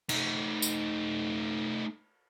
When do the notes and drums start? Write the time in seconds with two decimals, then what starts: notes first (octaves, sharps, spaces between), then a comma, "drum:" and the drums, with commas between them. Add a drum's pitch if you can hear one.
0.09 A3 D#4, drum: cymbal
0.62 drum: tambourine